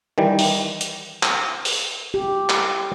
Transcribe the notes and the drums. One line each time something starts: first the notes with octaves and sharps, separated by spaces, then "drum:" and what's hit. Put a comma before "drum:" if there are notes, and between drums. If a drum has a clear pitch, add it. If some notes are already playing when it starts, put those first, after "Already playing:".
D#3 E3 G3
drum: open hi-hat
drum: hi-hat
drum: clap
drum: open hi-hat
G4
drum: clap